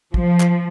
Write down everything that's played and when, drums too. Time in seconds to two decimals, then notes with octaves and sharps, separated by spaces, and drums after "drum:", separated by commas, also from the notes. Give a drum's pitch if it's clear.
0.14 F3, drum: kick
0.40 drum: clap